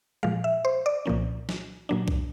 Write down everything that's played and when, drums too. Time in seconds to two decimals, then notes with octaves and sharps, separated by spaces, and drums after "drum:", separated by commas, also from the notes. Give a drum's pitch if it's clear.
0.23 A#2 F3 G#3 F5
0.44 E5
0.65 C5
0.86 D5
1.06 C2 A#2 F3 A#3 C#4
1.49 drum: snare
1.89 A#2 F#3 A#3 D4
2.08 drum: kick B1